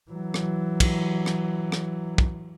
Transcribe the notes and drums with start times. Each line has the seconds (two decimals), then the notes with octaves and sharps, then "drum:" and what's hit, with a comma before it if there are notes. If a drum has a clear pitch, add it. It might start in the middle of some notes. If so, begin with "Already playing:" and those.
0.11 E3 F#3
0.34 drum: rim click
0.80 drum: kick, cymbal
1.26 drum: rim click
1.72 drum: rim click
2.18 drum: kick